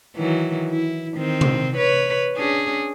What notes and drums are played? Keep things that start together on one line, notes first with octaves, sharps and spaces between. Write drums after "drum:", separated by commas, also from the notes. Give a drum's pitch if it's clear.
D#3 E3 F#3
E4
D#3 C4
drum: tom C3
B4 C#5
C#4 D4 G#4